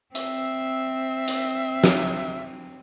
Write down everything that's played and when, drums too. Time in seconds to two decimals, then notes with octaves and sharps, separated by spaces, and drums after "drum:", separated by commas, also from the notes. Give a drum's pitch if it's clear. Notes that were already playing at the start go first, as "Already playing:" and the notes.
0.15 C4 E5, drum: hi-hat
1.28 drum: hi-hat
1.84 drum: snare